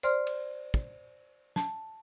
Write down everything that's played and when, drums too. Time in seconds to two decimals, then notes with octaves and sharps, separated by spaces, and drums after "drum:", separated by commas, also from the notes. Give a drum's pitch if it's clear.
0.03 C5 D5 C6 F6, drum: tambourine
0.27 drum: cymbal
0.74 drum: kick
1.56 A5, drum: snare